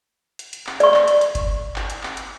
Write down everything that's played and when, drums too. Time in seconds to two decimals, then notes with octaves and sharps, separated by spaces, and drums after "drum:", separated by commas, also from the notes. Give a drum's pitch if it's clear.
0.39 drum: hi-hat
0.53 drum: hi-hat
0.67 drum: clap
0.80 D5 C#6, drum: hi-hat
0.94 drum: clap
1.08 drum: hi-hat
1.21 drum: hi-hat
1.35 drum: kick G1, hi-hat
1.76 drum: clap
1.90 drum: hi-hat
2.03 drum: clap
2.17 drum: hi-hat